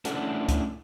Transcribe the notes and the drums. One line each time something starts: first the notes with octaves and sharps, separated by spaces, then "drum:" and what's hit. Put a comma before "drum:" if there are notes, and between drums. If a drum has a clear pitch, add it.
A3 C#4 D4 E4 A4 F#5, drum: hi-hat
drum: kick C#2, hi-hat